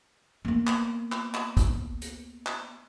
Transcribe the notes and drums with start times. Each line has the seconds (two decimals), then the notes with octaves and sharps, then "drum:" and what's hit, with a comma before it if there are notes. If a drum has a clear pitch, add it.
0.45 A#3 B3
0.67 drum: clap
1.12 drum: clap
1.34 drum: clap
1.57 drum: kick, hi-hat
2.02 drum: hi-hat
2.46 drum: clap